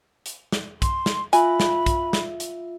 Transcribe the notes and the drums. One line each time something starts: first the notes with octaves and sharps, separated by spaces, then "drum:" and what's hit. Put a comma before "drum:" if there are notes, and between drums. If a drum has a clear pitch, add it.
drum: hi-hat
drum: snare
C6, drum: kick, hi-hat
drum: snare
F4 E5 G#5 B5, drum: hi-hat
drum: snare
drum: kick, hi-hat
drum: snare
drum: hi-hat